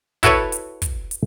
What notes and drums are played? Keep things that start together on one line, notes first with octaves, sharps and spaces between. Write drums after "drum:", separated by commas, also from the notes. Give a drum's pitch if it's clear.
E4 F#4 A4 B4 C#5 F#5, drum: kick, hi-hat
drum: hi-hat
drum: kick, hi-hat
drum: hi-hat